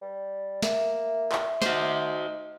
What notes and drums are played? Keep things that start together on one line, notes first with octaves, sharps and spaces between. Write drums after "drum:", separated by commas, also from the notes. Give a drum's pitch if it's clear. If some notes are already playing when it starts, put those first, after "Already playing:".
G3
A#3 E5, drum: snare
drum: clap
D#4 F#4 C5, drum: snare